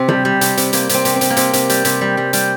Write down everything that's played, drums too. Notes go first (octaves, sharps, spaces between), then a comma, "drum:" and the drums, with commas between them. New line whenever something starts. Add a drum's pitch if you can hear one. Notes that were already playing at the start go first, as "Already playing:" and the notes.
Already playing: C3 C4
G3, drum: tom C3
G3
C3, drum: hi-hat
C3, drum: hi-hat
C3 A#3, drum: hi-hat
C3 C4, drum: hi-hat
C3, drum: hi-hat
C4
C3, drum: hi-hat
A#3
C3 C4, drum: hi-hat
C3, drum: hi-hat
G3, drum: hi-hat
C3, drum: hi-hat
G3
G3
G3, drum: hi-hat